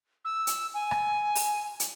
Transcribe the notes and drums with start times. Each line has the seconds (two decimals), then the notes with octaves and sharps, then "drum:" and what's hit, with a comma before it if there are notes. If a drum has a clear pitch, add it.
0.25 E6
0.47 drum: hi-hat
0.74 G#5
0.91 drum: rim click
1.35 drum: open hi-hat
1.80 drum: hi-hat